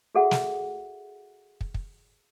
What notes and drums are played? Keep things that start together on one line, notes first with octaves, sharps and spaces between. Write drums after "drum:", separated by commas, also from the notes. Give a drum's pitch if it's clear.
F#4 G#4 A4 E5 F#5
drum: snare
drum: kick
drum: kick